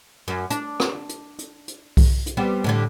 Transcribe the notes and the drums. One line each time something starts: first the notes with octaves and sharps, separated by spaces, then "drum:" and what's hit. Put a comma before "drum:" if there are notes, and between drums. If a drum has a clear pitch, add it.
F#2
D4, drum: hi-hat
drum: rim click
drum: hi-hat
drum: hi-hat
drum: hi-hat
drum: kick B1, open hi-hat
drum: hi-hat
G3 B3 C4
A2 D3 G3